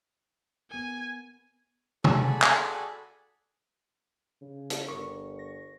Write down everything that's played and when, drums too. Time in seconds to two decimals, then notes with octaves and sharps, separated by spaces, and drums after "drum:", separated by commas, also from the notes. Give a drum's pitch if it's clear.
0.71 B3 A#4 G#5
2.04 F#4 G#4 A4 D5 G#5 B5, drum: tom C3
2.42 drum: clap
4.41 C#3
4.70 drum: hi-hat
4.89 G1 A#4 C#6
5.39 A#6